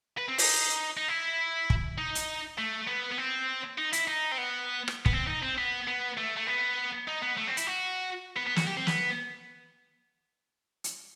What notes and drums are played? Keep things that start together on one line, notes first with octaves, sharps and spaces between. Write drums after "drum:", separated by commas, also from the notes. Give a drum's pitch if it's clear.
B4
C4
D#4, drum: open hi-hat
D#4
E4
drum: kick
D#4
drum: hi-hat
A3
B3
B3
C4
D#4
E4, drum: hi-hat
D#4
C4
B3
drum: rim click
B3, drum: kick
C4
D#4
C4
B3
B3
A3
A3
B3
D#4
B3
A3
C4
E4, drum: hi-hat
F#4
B3
B3
F#4, drum: snare
G4
C4
B3, drum: snare
drum: hi-hat